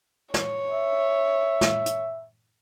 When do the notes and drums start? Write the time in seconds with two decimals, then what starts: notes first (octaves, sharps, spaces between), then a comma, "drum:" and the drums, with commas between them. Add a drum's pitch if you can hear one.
0.34 C#5, drum: snare
0.70 E5
1.61 drum: snare
1.86 drum: hi-hat